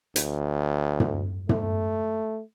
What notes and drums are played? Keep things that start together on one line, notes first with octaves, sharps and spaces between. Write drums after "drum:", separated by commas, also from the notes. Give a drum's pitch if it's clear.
D2, drum: hi-hat
drum: tom
A3, drum: tom